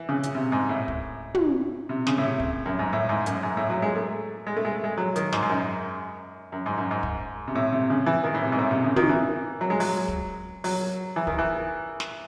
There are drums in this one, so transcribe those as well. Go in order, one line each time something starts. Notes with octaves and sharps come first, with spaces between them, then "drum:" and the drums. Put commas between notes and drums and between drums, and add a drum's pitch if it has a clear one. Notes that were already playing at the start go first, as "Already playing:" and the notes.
Already playing: E3
C#3
drum: hi-hat
C3
G#2
A2
drum: kick
drum: tom
C3
C#3, drum: snare
A2
C3
drum: kick
F#2
G#2
A2
G#2
F#2, drum: hi-hat
G#2
A2
F#3
G#3
A3
G#3
A3
G#3
A3
G#3
F#3
D#3, drum: hi-hat
G#2, drum: snare
G#2
F#2
F#2
G#2
F#2
G#2
drum: kick
C3
A2
C3
C#3
E3
D#3
A2
C3
G#2
A2
C3
C#3
D#3, drum: tom
E3
F#3
G#3
F#3, drum: open hi-hat
drum: kick
F#3, drum: open hi-hat
E3
D#3, drum: kick
E3
drum: snare